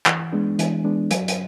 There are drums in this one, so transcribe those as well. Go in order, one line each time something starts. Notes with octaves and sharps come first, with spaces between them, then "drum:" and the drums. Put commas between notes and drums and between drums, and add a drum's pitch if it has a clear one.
E3, drum: clap
G#3 B3 D4
E3, drum: hi-hat
G#3 B3 D4
F#3, drum: hi-hat
drum: hi-hat